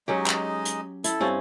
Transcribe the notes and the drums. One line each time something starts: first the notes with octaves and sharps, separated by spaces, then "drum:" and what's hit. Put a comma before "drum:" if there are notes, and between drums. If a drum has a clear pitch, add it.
F#3 G#3 C#4 D#4 G4 D#5
drum: clap
drum: hi-hat
E4 A4, drum: hi-hat
G2 C4 C#4